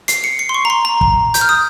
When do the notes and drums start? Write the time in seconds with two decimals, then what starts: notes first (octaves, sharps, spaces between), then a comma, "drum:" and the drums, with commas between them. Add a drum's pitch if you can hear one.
0.08 C7, drum: hi-hat
0.24 C#7
0.39 C7
0.49 C6
0.54 C#6
0.65 A#5
0.70 C6
0.85 A#5
1.01 drum: kick
1.34 G6, drum: hi-hat
1.41 F6
1.49 D#6